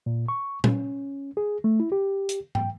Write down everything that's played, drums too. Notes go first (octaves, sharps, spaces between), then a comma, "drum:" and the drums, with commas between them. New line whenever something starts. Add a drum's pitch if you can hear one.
A#2
C#6
C#4, drum: tom A#2
G#4
A3
E4
G4
drum: hi-hat
G5, drum: tom G#2